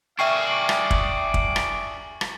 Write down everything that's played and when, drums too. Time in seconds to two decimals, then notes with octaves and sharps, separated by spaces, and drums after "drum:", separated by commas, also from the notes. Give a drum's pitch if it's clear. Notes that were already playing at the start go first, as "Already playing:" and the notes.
0.19 D4 G#4 E5 F5 G5 C#6 C7
0.47 C#6 D6 F#7
0.69 drum: rim click
0.91 drum: kick
1.34 drum: kick
1.56 drum: rim click
2.21 drum: rim click